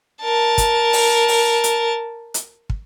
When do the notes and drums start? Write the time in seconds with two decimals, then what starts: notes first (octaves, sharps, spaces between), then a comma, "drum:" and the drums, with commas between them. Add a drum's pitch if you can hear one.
0.22 A#4 A5
0.58 drum: kick, hi-hat
0.93 drum: open hi-hat
1.28 drum: open hi-hat
1.64 drum: hi-hat
2.34 drum: hi-hat
2.70 drum: kick